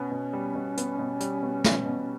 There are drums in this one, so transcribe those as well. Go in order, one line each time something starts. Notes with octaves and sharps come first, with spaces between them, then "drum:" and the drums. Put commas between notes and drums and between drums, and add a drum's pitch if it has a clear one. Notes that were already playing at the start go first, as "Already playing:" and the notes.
Already playing: B2 B3 C#4
B2
G3
B2
B3, drum: hi-hat
B2
G3, drum: hi-hat
B2
B3, drum: snare
B2